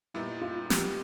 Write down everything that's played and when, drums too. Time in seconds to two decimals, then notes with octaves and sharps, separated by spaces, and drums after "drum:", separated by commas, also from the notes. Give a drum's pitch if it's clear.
0.14 A#2 G3 B3 D#4 E4
0.41 F4
0.70 G4, drum: snare